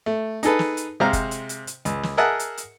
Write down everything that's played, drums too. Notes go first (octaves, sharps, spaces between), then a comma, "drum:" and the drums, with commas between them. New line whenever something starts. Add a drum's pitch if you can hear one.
A3
D#4 G#4 A4 B4, drum: hi-hat
drum: snare
drum: hi-hat
C3 G#3 C5 F5 A#5
drum: kick F#1, hi-hat
drum: hi-hat
drum: hi-hat
drum: hi-hat
C#2, drum: hi-hat
drum: snare
G#4 A#4 D#5 E5 F#5 A5
drum: hi-hat
drum: hi-hat